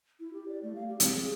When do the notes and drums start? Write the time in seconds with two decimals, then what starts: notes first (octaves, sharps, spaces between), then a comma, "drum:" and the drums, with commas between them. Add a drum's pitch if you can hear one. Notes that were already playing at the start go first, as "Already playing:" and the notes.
0.20 E4
0.33 G4
0.48 D5
0.63 A3
0.75 F5
0.88 G4
1.00 C4, drum: hi-hat
1.15 G#4